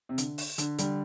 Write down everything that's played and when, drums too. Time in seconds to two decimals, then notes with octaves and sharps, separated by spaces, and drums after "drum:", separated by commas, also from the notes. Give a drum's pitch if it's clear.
0.09 C3
0.18 D3, drum: hi-hat
0.38 drum: open hi-hat
0.58 D3, drum: hi-hat
0.78 D3 G3, drum: hi-hat